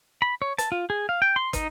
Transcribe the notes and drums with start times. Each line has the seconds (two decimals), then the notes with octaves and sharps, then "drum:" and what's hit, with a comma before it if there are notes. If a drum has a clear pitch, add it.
0.22 B5
0.42 C#5
0.58 A5, drum: hi-hat
0.72 F4
0.90 G#4
1.09 F5
1.22 G5
1.36 C6
1.53 D#4, drum: kick, hi-hat